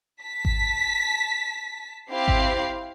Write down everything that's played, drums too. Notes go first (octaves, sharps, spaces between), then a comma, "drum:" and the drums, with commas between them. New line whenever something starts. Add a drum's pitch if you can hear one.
A5 B6
drum: kick G#1
C4 E4 G4 F5 C7
drum: kick G#1